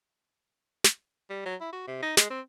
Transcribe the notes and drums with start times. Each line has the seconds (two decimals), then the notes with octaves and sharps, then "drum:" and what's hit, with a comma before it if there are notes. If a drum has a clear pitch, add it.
0.84 drum: snare
1.30 G3
1.46 F#3
1.61 E4
1.73 F#4
1.88 C3
2.03 D#4
2.17 G#3, drum: snare
2.30 C4